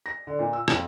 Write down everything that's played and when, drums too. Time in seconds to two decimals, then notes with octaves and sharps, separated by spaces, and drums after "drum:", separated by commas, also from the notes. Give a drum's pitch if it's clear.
0.06 A#6
0.27 D3
0.39 A#2
0.53 E6
0.68 F2, drum: rim click